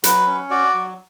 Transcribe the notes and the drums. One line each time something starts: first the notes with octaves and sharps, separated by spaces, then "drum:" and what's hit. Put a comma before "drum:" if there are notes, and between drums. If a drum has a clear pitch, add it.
F#3 B4, drum: hi-hat
C#4
F#4 D5
F#3